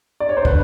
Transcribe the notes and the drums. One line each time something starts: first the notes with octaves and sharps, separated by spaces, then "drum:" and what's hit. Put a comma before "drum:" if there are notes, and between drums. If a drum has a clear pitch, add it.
D5
C#5
C5
D3 B4, drum: kick